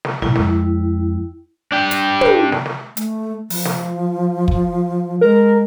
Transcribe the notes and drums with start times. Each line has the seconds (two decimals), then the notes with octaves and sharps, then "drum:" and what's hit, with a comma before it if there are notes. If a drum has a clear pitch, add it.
0.05 drum: snare
0.22 B1 A2 E4 G5, drum: snare
0.35 F2 G#3, drum: snare
1.72 D4 G4
1.91 drum: hi-hat
2.21 drum: tom
2.52 drum: snare
2.66 drum: snare
2.97 A3, drum: hi-hat
3.50 F3, drum: open hi-hat
3.65 drum: snare
4.48 drum: kick
5.21 G#3 A#4